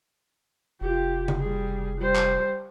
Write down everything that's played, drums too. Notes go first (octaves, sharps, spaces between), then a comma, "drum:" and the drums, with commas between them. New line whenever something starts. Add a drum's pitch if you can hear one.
F1 F4 G4
drum: tom C#3
G3 G#4
G3 C5
drum: clap